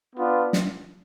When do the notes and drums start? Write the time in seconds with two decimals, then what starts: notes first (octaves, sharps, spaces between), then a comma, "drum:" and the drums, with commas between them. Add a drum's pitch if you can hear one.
0.15 B3 D4 F4
0.53 drum: snare